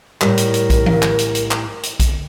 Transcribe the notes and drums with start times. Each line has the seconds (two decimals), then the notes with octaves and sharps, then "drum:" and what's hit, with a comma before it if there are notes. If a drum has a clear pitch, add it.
0.21 A2 G3 A#4, drum: clap
0.38 drum: hi-hat
0.54 drum: hi-hat
0.70 drum: kick A#1, hi-hat
0.86 drum: tom E3
1.02 drum: clap
1.19 drum: hi-hat
1.35 drum: hi-hat
1.51 drum: clap
1.83 drum: hi-hat
2.00 drum: kick A#1, hi-hat